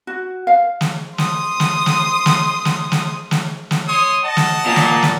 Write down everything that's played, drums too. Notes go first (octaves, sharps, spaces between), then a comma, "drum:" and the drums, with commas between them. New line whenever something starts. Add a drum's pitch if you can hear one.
F#4
F5
drum: snare
C6 D#6, drum: snare
drum: snare
drum: snare
drum: snare
drum: snare
drum: snare
drum: snare
drum: snare
C#5 C6 D#6
D#5 F#5 A5
drum: snare
A#2
drum: snare
drum: snare